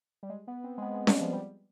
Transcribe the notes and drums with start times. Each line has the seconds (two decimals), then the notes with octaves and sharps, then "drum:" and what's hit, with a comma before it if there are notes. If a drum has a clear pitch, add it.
0.23 G3
0.29 G#3
0.47 B3
0.64 C4
0.78 G#3
0.82 B3
0.94 G#3
1.07 G3, drum: snare C#4
1.21 F3
1.33 G3